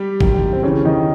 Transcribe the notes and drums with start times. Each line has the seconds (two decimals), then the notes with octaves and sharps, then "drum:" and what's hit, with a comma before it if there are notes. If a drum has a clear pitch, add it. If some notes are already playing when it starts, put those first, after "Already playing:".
Already playing: G3 G4
0.21 G1 F#2 D#3, drum: kick G#1
0.53 C4
0.63 E2 C#3 E3 C#4
0.85 D#3 D#4